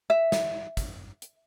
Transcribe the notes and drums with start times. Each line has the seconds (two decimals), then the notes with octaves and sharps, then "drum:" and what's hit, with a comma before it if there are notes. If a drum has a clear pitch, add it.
0.10 E5
0.32 drum: snare
0.77 drum: kick, hi-hat
1.22 drum: hi-hat